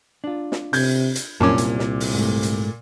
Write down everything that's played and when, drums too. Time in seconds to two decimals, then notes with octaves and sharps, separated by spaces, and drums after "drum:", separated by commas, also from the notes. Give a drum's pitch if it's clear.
0.24 D4 F4
0.52 drum: snare
0.73 C3 G6 G#6, drum: open hi-hat
1.15 drum: hi-hat
1.40 C2 F#2 A#2 C#4 A5 D6
1.58 drum: hi-hat
1.79 drum: snare
2.00 drum: open hi-hat
2.14 G#2 A3
2.43 drum: hi-hat